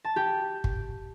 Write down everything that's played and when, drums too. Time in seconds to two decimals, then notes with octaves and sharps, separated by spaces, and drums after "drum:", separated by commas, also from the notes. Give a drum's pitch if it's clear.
0.05 A5
0.16 G4 G5
0.64 drum: kick